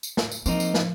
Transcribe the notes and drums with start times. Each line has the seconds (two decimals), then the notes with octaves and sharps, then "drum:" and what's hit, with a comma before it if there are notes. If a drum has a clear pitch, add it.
0.03 drum: tambourine
0.17 drum: snare
0.32 drum: tambourine
0.46 F3 A#3 C4 D#4, drum: tambourine
0.60 drum: tambourine
0.74 drum: snare